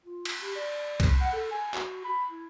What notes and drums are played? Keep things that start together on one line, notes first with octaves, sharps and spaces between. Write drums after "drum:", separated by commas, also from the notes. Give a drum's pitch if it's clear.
F4
drum: cymbal
G4
D5
drum: kick C2, cymbal
F#5
A4
G#5
F#4, drum: clap
B5
E4